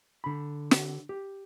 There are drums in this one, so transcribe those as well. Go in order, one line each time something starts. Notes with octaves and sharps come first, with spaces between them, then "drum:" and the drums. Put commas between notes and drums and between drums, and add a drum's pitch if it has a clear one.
D3 B5
drum: snare
G4